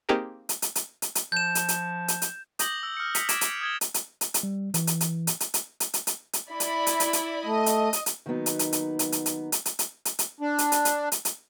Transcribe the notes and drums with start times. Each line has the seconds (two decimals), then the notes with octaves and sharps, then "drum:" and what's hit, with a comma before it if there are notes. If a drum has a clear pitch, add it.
0.09 A#3 C4 D#4 G4 G#4 A#4
0.49 drum: hi-hat
0.62 drum: hi-hat
0.75 drum: hi-hat
1.02 drum: hi-hat
1.15 drum: hi-hat
1.32 F3 G6 E7
1.55 drum: hi-hat
1.68 drum: hi-hat
2.08 drum: hi-hat
2.22 drum: hi-hat
2.59 D6 D#6 G6 A#6 F#7 G7, drum: hi-hat
2.83 E6
2.97 F6 C#7
3.15 B6 C#7 F7, drum: hi-hat
3.29 D6 F6 G#6 D7 E7, drum: hi-hat
3.41 drum: hi-hat
3.61 D#6 G#6 G7
3.81 drum: hi-hat
3.94 drum: hi-hat
4.21 drum: hi-hat
4.34 drum: hi-hat
4.43 G3
4.74 E3, drum: hi-hat
4.87 drum: hi-hat
5.01 drum: hi-hat
5.27 drum: hi-hat
5.40 drum: hi-hat
5.54 drum: hi-hat
5.80 drum: hi-hat
5.94 drum: hi-hat
6.07 drum: hi-hat
6.33 drum: hi-hat
6.50 E4 D5 B5
6.60 drum: hi-hat
6.87 drum: hi-hat
7.00 drum: hi-hat
7.13 drum: hi-hat
7.46 A3 D#5
7.66 drum: hi-hat
7.93 drum: hi-hat
8.06 drum: hi-hat
8.26 D#3 F#3 A#3 B3 D#4
8.46 drum: hi-hat
8.59 drum: hi-hat
8.73 drum: hi-hat
8.99 drum: hi-hat
9.12 drum: hi-hat
9.26 drum: hi-hat
9.52 drum: hi-hat
9.65 drum: hi-hat
9.79 drum: hi-hat
10.05 drum: hi-hat
10.19 drum: hi-hat
10.40 D4
10.58 drum: hi-hat
10.72 drum: hi-hat
10.85 drum: hi-hat
11.12 drum: hi-hat
11.25 drum: hi-hat